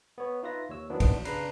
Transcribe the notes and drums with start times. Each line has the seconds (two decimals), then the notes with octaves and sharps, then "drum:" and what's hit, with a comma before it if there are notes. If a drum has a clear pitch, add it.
0.18 B3 C#5
0.43 D#4 F4 B4 E5 A#6
0.69 D#2 C#5 E6
0.90 D#3 F#3 B3 D4 E4
1.00 drum: kick, cymbal
1.25 C#3 D4 B4 A#5 C7, drum: cymbal